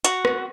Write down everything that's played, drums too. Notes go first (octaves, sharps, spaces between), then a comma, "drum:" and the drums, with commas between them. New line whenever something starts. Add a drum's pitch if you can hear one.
F#4, drum: hi-hat
drum: rim click